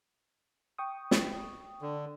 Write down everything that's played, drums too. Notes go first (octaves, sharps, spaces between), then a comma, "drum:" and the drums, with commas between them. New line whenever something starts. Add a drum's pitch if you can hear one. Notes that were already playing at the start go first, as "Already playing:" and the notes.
G5 C#6 D#6
drum: snare
D3